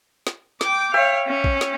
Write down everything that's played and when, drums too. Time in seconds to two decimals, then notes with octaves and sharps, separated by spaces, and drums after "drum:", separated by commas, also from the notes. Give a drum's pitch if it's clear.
0.27 drum: snare
0.61 G5 D6, drum: snare
0.94 C#5 E5 F5 G5
1.27 C#4
1.44 drum: kick A#1
1.61 drum: snare